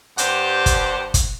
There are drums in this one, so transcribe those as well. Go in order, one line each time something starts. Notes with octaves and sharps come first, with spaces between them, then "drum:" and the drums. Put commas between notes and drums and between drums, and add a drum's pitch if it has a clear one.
G2 G4 C5 F#5, drum: hi-hat
drum: kick, hi-hat
drum: kick, hi-hat